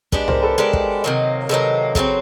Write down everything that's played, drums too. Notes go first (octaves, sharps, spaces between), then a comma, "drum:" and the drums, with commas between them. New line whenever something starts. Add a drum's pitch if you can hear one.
G#3 B3 D4 G4, drum: kick
A#4 C5, drum: tom C2
A4 B4
G#3 B3 D4 G4 G#4 A#4
drum: kick
C3 D#3 F#3 A#3
A#4
C3 D#3 F#3 A#3 A4 B4
C#3 F#3 A3 C4, drum: kick